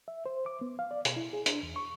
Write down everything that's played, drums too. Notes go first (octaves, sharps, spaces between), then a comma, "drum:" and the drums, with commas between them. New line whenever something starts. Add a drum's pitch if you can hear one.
E5
C5
D6
B3
F5
D5
B2, drum: hi-hat
E4
G#4
D4, drum: hi-hat
E2
C#6